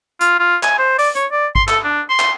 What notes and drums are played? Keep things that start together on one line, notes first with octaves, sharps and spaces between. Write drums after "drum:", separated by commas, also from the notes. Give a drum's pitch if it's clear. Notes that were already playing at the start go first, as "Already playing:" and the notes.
F4, drum: hi-hat
F4
G#5, drum: clap
C5
D5, drum: open hi-hat
C#5, drum: hi-hat
D5
C6, drum: kick
A4, drum: clap
D4
C6
drum: clap